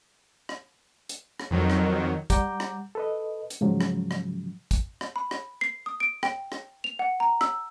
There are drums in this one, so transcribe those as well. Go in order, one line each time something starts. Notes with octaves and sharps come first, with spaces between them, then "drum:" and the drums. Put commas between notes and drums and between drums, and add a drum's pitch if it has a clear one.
drum: rim click
drum: hi-hat
drum: rim click
F2 D#3 F#3
drum: rim click
G3 F#5 A#5 D6 G6, drum: kick, hi-hat
drum: rim click
A4 B4 D#5
drum: hi-hat
G#2 C#3 F3 F#3
drum: rim click
drum: rim click
drum: kick, hi-hat
drum: rim click
B5
drum: rim click
C7
D#6
D7
G5, drum: rim click
drum: rim click
F7
F#5
A#5
E6, drum: rim click